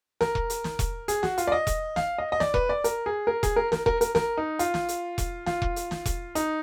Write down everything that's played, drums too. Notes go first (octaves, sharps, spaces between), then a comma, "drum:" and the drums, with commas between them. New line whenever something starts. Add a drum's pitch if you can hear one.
A#4, drum: snare
drum: kick E1
drum: hi-hat
drum: snare
drum: kick E1, hi-hat
G#4, drum: hi-hat
F#4, drum: snare
F4, drum: hi-hat
D5
D#5
drum: kick E1, hi-hat
F5, drum: snare
D#5
D#5
D5, drum: snare
B4, drum: kick E1
D5
A#4, drum: hi-hat
G#4
A#4
G#4, drum: kick E1, hi-hat
A#4
A#4, drum: snare
A#4, drum: kick E1
A#4, drum: hi-hat
A#4, drum: snare
D#4
F4, drum: hi-hat
drum: snare
drum: hi-hat
drum: kick E1, hi-hat
F4, drum: snare
drum: kick E1
drum: hi-hat
drum: snare
drum: kick E1, hi-hat
D#4, drum: hi-hat